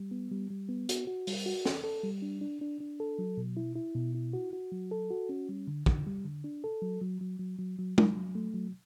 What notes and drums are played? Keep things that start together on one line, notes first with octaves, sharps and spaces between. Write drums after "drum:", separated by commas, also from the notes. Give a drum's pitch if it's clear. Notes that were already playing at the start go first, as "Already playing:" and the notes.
Already playing: G3
B3
G3
G3
B3
F#4, drum: hi-hat
F#4
G3, drum: open hi-hat
F#4
A4, drum: snare
A4
G3
D4
D4
D4
D4
A4
F#3
B2
E4
E4
B2
E4
F#4
F#4
F#3
A4
F#4
C#4
G3
D3
D3, drum: kick
G3
D3
D4
A4
F#3
F#3
F#3
F#3
F#3
F#3
F#3, drum: tom G#3
F#3
A3
F#3